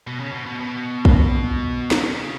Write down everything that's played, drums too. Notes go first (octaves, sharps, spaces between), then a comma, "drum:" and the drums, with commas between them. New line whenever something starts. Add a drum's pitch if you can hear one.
B2
C#3
B2
B2
B2
drum: kick A#1
F#3, drum: snare
D#3
C#3